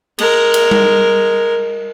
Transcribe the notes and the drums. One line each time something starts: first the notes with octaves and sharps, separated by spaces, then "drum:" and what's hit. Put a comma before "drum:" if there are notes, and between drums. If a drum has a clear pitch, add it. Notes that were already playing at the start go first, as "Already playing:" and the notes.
G#3 A#4, drum: cymbal
drum: cymbal
drum: tom G3